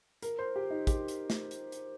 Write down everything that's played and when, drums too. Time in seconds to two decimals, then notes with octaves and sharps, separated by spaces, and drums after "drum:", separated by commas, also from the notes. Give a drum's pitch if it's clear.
0.22 A#4, drum: hi-hat
0.39 C5
0.56 G4
0.70 D#4
0.87 G4, drum: kick, hi-hat
1.08 drum: hi-hat
1.30 drum: snare
1.51 drum: hi-hat
1.72 drum: hi-hat